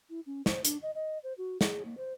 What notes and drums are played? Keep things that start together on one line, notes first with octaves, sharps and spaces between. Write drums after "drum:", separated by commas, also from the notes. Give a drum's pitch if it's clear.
E4
C#4
C5, drum: snare
D4, drum: hi-hat
D#5
D#5
C5
F#4
G#4, drum: snare
A#3
C5